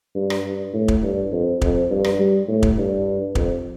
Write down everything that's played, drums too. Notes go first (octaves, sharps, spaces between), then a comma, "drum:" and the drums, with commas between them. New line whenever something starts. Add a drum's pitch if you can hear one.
G2
drum: rim click
G2
A2
drum: kick
G2
F2
F2, drum: kick
G2
drum: rim click
G3
A2
drum: kick
G2
F2, drum: kick